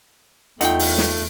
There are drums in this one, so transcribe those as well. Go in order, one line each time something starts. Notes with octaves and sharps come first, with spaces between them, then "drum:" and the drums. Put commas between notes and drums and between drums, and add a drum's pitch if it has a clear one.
E2 A3 D#4 F4 D#5 F#5 G5, drum: hi-hat
drum: open hi-hat
drum: snare